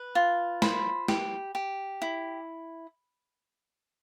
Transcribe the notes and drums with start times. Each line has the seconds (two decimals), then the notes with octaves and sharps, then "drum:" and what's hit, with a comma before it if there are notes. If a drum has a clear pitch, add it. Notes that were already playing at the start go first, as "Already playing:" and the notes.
Already playing: B4
0.15 F4
0.62 C5 B5, drum: snare
1.08 G4, drum: snare
1.55 G4
2.02 E4